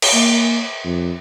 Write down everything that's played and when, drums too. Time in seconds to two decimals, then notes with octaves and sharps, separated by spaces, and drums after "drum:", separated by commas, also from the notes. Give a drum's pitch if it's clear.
0.02 drum: cymbal
0.14 A#3
0.84 F2